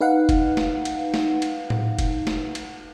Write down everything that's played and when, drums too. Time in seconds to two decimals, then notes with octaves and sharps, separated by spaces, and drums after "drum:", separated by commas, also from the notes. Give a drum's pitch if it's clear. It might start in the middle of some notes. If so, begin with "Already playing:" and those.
0.01 D#4 B4 F5 F#5
0.29 drum: kick F1, cymbal
0.57 drum: snare
0.85 drum: cymbal
1.14 drum: snare
1.42 drum: cymbal
1.70 drum: tom A2
1.99 drum: kick F1, cymbal
2.27 drum: snare
2.55 drum: cymbal